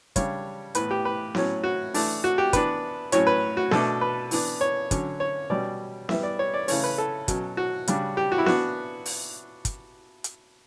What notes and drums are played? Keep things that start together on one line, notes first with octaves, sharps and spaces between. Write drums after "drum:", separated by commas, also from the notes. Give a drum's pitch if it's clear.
C#3 G3 D4 C#5, drum: kick, hi-hat
A2 E3 B3 B4, drum: hi-hat
G4
B4
A2 F#3 C#4, drum: snare B3
F#4
E3 A3 D4, drum: open hi-hat
F#4
G4
E3 B3 D4 B4, drum: kick, hi-hat
A2 F#3 C#4 C#5, drum: hi-hat
B4
F#4
B2 A3 D4 A4, drum: snare B3
B4
E3 B3 D4, drum: open hi-hat
C#5
D3 F#3 C#4, drum: kick, hi-hat
C#5
B2 G3 C#4 D5
E3 G3 B3 E5, drum: snare B3
D5
C#5
D5
C#3 E3 A3 C#4 C#5, drum: open hi-hat
B4
A4
B2 F#3 C#4, drum: kick, hi-hat
F#4
C#3 G3 D4, drum: hi-hat
G4
F#4
E4
E3 B3 D4 F#4, drum: snare B3
drum: open hi-hat
drum: kick, hi-hat
drum: hi-hat